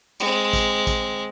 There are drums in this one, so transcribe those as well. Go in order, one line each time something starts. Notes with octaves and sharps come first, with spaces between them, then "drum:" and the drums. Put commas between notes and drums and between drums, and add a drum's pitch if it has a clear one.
G#3 C4, drum: tambourine
drum: kick A1, tambourine
drum: kick A1, tambourine